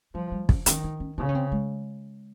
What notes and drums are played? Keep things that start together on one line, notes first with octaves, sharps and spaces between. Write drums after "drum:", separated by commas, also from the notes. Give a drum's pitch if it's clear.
F3 G3
G3
C#4, drum: kick
D#3 C#4, drum: hi-hat
D#4
C#4
C#3 D#4
C#4
C4
G#3